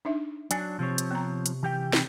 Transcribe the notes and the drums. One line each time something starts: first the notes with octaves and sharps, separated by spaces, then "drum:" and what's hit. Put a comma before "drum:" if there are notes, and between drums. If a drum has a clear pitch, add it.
D4 D#4 E5
F#3 D4 G#5, drum: hi-hat
C3 F3 C4 C#5
drum: hi-hat
B3 A#5
drum: hi-hat
E3 G4 G5
drum: snare